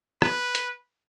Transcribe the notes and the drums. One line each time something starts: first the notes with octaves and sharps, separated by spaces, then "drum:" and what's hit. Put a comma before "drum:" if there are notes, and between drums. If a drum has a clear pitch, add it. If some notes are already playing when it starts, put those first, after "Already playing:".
B4, drum: rim click
drum: hi-hat